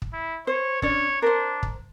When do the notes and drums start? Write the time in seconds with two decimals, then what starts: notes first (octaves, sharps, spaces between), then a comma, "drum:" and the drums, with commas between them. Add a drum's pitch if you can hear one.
0.02 drum: kick
0.13 E4
0.47 C5 C#5
0.82 C#4 D4 C#5 D5, drum: kick
1.22 D4 A#4 C5
1.63 drum: kick